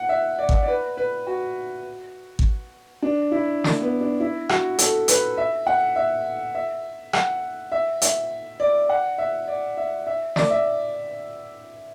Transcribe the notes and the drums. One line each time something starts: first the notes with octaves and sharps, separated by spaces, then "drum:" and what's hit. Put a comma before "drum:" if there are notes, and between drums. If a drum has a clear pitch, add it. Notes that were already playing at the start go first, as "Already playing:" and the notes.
Already playing: F#5
E5
D5
drum: kick
D5
B4
B4
F#4
drum: kick
D4
E4
drum: snare
B3
D4
E4
F#4, drum: rim click
A4, drum: hi-hat
B4, drum: hi-hat
E5
F#5
E5
E5
F#5, drum: rim click
E5
E5, drum: hi-hat
D5
F#5
E5
D5
E5
E5
D5, drum: snare
E5